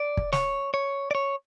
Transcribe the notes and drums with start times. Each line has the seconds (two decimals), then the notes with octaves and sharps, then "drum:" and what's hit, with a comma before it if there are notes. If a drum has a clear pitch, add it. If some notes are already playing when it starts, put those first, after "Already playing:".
Already playing: D5
0.17 drum: kick
0.33 C#5, drum: snare
0.74 C#5
1.11 D5
1.15 C#5